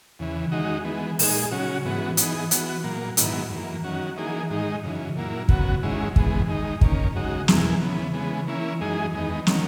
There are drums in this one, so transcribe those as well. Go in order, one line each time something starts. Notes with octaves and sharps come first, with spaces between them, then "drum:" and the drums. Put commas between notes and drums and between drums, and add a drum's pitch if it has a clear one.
E2 C#3 E3
D#3 G#3 D#4 F#4
E3 G#3 B3
A#2 G#3 D#4 G#4, drum: open hi-hat
C#3 F#3 C#4 F#4
G#2 E3 B3 F#4
E3 B3 D#4 G#4, drum: hi-hat
E3 B3 F#4, drum: hi-hat
A#2 F#3 A#3
G#2 D#3 F#3 B3 E4, drum: hi-hat
F#2 E3 A#3
D#3 F#3 C#4 F#4
E3 A#3 D#4 G#4
G#2 D#3 G#3 D#4
F#2 C#3 E3
A#2 F#3 A#3 E4
C#3 F#3 B3 F#4, drum: kick
G#2 D#3 G#3 C#4 E4
G#2 E3 G#3 B3, drum: kick
D#3 G#3 D#4
D#3 A#3 C#4, drum: kick
F#2 C#3 G#3 D#4 F#4
E2 B2 A#3 E4 G#4, drum: snare
C#3 E3 B3
C#3 E3 G#3 B3
E3 A#3 C#4 E4
F#2 E3 G#3 D#4 G#4
E2 D#3 G#3 B3 D#4
D#3 F#3 A#3 C#4, drum: snare